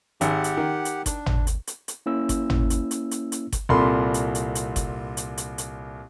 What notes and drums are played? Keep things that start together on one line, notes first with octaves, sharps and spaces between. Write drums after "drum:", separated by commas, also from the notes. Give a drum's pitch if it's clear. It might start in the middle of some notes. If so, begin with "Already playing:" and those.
G#1 G4 F#5, drum: hi-hat
drum: hi-hat
D#3
drum: hi-hat
D4, drum: kick G1, hi-hat
drum: tom G#1
drum: hi-hat
drum: hi-hat
drum: hi-hat
A#3 C#4 E4 E6
drum: kick G1, hi-hat
drum: tom G#1
drum: hi-hat
drum: hi-hat
drum: hi-hat
drum: hi-hat
drum: kick G1, hi-hat
C2 A#2 A4 B5 C6
drum: hi-hat
drum: hi-hat
drum: hi-hat
drum: kick G1, hi-hat
drum: hi-hat
drum: hi-hat
drum: hi-hat